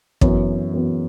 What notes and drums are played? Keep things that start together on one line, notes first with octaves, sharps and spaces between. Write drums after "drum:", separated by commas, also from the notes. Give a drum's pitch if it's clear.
F#2 E3 B3, drum: kick
F#2 E3 B3